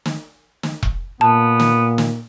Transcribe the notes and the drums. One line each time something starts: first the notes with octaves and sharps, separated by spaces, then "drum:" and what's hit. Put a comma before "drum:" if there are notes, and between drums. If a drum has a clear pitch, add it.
drum: snare
drum: snare
drum: kick E1
A#2 B3 A5
drum: snare
drum: snare